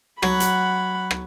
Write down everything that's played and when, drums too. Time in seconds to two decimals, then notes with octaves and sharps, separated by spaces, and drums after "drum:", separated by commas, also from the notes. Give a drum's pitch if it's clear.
0.23 F#3 F#5 B5, drum: rim click
0.40 drum: hi-hat
1.11 drum: rim click